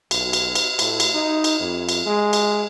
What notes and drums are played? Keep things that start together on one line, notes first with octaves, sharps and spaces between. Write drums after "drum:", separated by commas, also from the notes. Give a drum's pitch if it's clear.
B1, drum: cymbal
drum: cymbal
drum: cymbal
A2, drum: cymbal
drum: cymbal
D#4
drum: cymbal
F2
drum: cymbal
G#3
drum: cymbal